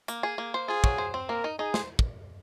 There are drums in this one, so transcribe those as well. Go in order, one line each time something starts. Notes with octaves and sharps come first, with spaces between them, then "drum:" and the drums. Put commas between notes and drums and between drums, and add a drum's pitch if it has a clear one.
A#3, drum: hi-hat
G#4
A#3
C5
F4 G#4
F#3, drum: kick
C5
C4
A#3 A#4
D#4
D#4 G#4
C5, drum: snare
drum: kick